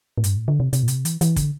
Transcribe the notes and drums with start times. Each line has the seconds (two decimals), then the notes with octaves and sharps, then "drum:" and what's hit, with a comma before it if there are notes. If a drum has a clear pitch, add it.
0.18 A2
0.24 G2, drum: hi-hat
0.36 A2
0.48 D3
0.60 C3
0.73 C3, drum: hi-hat
0.83 A#2
0.88 C3, drum: hi-hat
1.05 E3, drum: hi-hat
1.21 E3, drum: hi-hat
1.36 D3, drum: kick, hi-hat